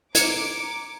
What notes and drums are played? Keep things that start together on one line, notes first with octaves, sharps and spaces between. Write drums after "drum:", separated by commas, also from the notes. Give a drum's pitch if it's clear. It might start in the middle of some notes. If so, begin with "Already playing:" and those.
A#5 D6 G#6 C#7, drum: hi-hat